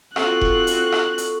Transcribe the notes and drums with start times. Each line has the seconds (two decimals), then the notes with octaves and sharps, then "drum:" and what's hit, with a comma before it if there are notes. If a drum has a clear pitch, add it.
0.16 C4 F4 F#4 A4 C#6 F#6, drum: rim click
0.41 drum: kick E1
0.67 drum: hi-hat
0.92 drum: rim click
1.18 drum: hi-hat